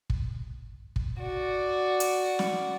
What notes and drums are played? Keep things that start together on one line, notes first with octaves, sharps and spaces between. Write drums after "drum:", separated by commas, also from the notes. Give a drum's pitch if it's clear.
drum: kick
drum: kick
F#4 D5
drum: hi-hat
drum: snare